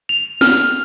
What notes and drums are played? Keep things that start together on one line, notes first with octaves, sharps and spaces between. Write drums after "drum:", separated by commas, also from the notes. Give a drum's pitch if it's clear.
F7
F6, drum: snare